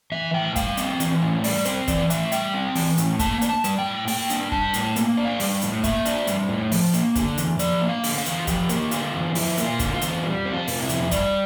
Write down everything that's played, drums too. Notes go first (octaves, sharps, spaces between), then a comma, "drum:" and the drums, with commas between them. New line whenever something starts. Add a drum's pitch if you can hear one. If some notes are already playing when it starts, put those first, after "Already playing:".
E3 E5
A2 G5
G3 F5, drum: kick, hi-hat
C4, drum: hi-hat
E3, drum: hi-hat
A2
G3 D5, drum: open hi-hat
C4 C5, drum: hi-hat
E3 D5, drum: kick, hi-hat
A2 E5, drum: hi-hat
G3 G5, drum: hi-hat
C4
E3, drum: open hi-hat
A2, drum: hi-hat
A#3 A5, drum: kick, hi-hat
D4, drum: hi-hat
A5
G3, drum: hi-hat
G5
A2
A#3 G5, drum: open hi-hat
D4, drum: hi-hat
G3 A5, drum: kick
A2, drum: hi-hat
A#3, drum: hi-hat
D4
F5
G3, drum: open hi-hat
A2, drum: hi-hat
A#3 E5, drum: kick, hi-hat
D4, drum: hi-hat
G3, drum: hi-hat
A2
F3, drum: open hi-hat
A#3, drum: hi-hat
D3, drum: kick, hi-hat
E2, drum: hi-hat
F3 D5, drum: hi-hat
A#3
F5
D3, drum: open hi-hat
F5
E2, drum: hi-hat
F4
F3 G4, drum: kick, hi-hat
A#3, drum: hi-hat
D3 F4, drum: hi-hat
E2
F3 E4, drum: open hi-hat
A#3, drum: hi-hat
F4
D3, drum: kick, hi-hat
F4
E2, drum: hi-hat
G3
C4
F4
C3, drum: open hi-hat
E4
F2, drum: hi-hat
G3 D5, drum: kick, hi-hat